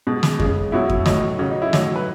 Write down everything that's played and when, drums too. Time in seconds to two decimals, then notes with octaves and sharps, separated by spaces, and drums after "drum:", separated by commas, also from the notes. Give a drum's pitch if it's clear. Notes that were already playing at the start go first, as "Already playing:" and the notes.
0.07 B2 G#3
0.23 drum: snare
0.40 C#3 G#3, drum: kick F2
0.72 B2 F#3 E4
0.89 drum: kick F2
1.06 A2 F#3 D#4, drum: snare
1.39 C#3 F#3
1.51 D#4
1.62 E4
1.73 A2 F#3 D#4, drum: snare
1.96 B4